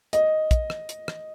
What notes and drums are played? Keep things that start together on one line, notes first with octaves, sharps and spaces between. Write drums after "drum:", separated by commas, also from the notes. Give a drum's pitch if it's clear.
D#5, drum: hi-hat
drum: kick, hi-hat
drum: rim click
drum: hi-hat
drum: rim click